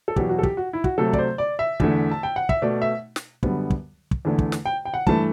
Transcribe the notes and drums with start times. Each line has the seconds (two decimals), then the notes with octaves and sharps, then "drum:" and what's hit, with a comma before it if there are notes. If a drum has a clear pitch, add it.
0.08 A4
0.16 E2 B2 F#3 G4, drum: kick
0.29 F#4
0.39 A4
0.43 G4, drum: kick
0.57 F#4
0.73 E4
0.84 F#4, drum: kick
0.98 C3 F#3 A3 A4
1.13 D5, drum: kick
1.18 C5
1.38 D5
1.59 E5
1.80 E2 D3 A3, drum: kick
2.11 A5
2.23 G5
2.36 F#5
2.49 E5, drum: kick
2.62 B2 A3 D5
2.82 E5
3.16 drum: snare
3.43 F#2 D3 G3 B3, drum: kick
3.70 drum: kick
4.11 drum: kick
4.25 E2 D3 A3
4.39 drum: kick
4.52 drum: snare
4.66 G5
4.85 G5
4.94 F#5
5.07 G2 E3 A3 A5, drum: kick